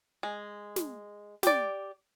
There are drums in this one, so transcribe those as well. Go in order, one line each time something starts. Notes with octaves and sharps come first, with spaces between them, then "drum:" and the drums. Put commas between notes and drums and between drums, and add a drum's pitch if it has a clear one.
G#3
drum: snare
G4 D5, drum: snare